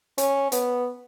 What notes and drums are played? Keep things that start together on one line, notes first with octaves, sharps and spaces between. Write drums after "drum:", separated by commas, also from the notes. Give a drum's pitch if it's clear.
C#4, drum: hi-hat
B3, drum: hi-hat